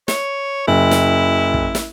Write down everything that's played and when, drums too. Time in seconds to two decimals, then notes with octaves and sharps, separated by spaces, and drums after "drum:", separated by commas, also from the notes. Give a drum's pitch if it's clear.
0.08 C#5, drum: snare
0.67 F#1 E4
0.91 drum: snare
1.54 drum: kick
1.75 drum: snare